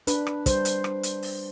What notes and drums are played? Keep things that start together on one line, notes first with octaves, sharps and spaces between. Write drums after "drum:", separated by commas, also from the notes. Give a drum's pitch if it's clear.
D4 B4, drum: hi-hat
drum: rim click
G3 C5, drum: kick, hi-hat
drum: hi-hat
drum: rim click
drum: hi-hat
drum: open hi-hat